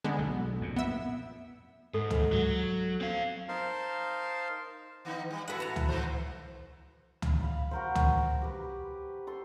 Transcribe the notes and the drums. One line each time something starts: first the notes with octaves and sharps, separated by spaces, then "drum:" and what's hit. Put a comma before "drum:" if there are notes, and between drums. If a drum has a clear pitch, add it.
D3 G#3 B3
B1 A3
F2 A#2
B3 E5
G#2 A4
drum: tom
F#3
C4 F5
D#4 A#4 C5 F5 A5 C6
D#3 B3 D#4
G3
E4 F#4 A4 B4 F#5
A5 A#5
drum: tom
D#3 A3 C5
drum: tom
F5 B5
F#4 A#4 C5
drum: tom
G4 B4
A4 C6